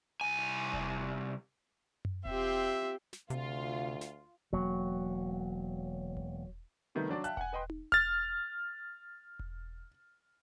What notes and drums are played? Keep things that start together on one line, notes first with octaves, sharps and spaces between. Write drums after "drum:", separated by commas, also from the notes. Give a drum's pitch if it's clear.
C2 G#5
drum: kick E1
drum: tom F#2
C4 F4 G4 E5, drum: kick E1
drum: snare
D2 C3 F4, drum: hi-hat
drum: snare
E1 F#3 A#3
drum: kick E1
C3 D#3 G3 A3 B3 D#4
F#3 D4 F#4 D5
E5 F5 G5 A5 F#6, drum: hi-hat
F#5 G#5, drum: kick E1
B4 D#5 G5 C6
drum: tom D#4
F6 A6, drum: kick E1
drum: kick E1